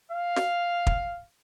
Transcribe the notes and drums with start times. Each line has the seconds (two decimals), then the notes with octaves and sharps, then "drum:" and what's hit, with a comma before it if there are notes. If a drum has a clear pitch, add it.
0.11 F5
0.36 drum: snare
0.87 drum: kick